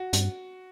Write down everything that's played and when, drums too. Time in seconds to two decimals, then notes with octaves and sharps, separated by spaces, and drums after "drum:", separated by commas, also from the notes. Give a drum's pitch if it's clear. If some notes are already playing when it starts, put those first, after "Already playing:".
Already playing: F#4
0.13 G2, drum: hi-hat